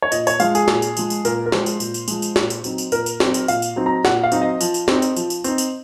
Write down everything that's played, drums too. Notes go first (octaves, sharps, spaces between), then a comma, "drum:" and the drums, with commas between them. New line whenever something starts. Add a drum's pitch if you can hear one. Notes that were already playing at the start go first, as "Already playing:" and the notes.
C#5
A#2 D#5, drum: tambourine
C#5, drum: tambourine
F3 G#3 F5, drum: tambourine
G#4, drum: tambourine
A#2, drum: snare
drum: tambourine
F3 G#3, drum: tambourine
drum: tambourine
A#2 A#4, drum: tambourine
A#4
F3 G#3 C5, drum: snare
drum: tambourine
A#2, drum: tambourine
drum: tambourine
F3 G#3, drum: tambourine
drum: tambourine
A#2, drum: snare
drum: tambourine
F#3 C4 D#4, drum: tambourine
drum: tambourine
A#2 A#4, drum: tambourine
drum: tambourine
F#3 C4 D#4, drum: snare
drum: tambourine
A#2 F5, drum: tambourine
drum: tambourine
F#3 C4 D#4
A#5
A#2 F#5, drum: snare
F5
F#3 C4 D#4, drum: tambourine
D#5
F3, drum: tambourine
drum: tambourine
C4 D#4, drum: snare
drum: tambourine
F3, drum: tambourine
drum: tambourine
C4 D#4, drum: tambourine
drum: tambourine